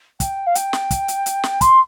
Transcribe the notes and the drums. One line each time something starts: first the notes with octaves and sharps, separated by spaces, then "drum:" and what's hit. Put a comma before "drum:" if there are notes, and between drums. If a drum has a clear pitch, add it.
G5, drum: kick, hi-hat
F5
G5, drum: hi-hat
drum: snare
drum: kick, hi-hat
drum: hi-hat
drum: hi-hat
drum: snare
C6, drum: kick, hi-hat